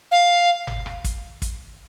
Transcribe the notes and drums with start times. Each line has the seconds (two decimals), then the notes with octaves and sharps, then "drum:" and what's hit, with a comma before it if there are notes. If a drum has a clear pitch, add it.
0.11 F5
0.67 drum: tom G1
0.86 drum: rim click
1.04 drum: kick, hi-hat
1.42 drum: kick, hi-hat